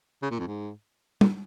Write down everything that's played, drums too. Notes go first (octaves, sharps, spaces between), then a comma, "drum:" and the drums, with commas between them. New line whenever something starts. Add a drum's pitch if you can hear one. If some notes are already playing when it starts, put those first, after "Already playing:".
C#3
A#2
F2
G#2
A#2, drum: tom